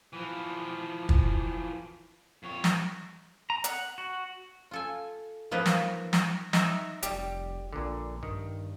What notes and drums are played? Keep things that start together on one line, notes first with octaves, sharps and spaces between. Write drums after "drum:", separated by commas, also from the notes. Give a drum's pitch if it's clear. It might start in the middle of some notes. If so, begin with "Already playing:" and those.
E3 F3
drum: kick
F2 C#5
drum: snare
A#5
F#5, drum: hi-hat
F#4
F4 A4 G#5
F3 A#3 B3 D#4 B4
drum: snare
drum: snare
D#4 E5, drum: snare
F1 G3 G4, drum: hi-hat
A#1 A#2 D3
G2 D#3